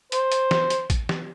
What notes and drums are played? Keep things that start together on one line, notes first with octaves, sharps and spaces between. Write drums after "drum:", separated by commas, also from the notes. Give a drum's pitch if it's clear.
C5, drum: hi-hat
drum: hi-hat
drum: snare
drum: hi-hat
drum: kick A1, hi-hat
drum: snare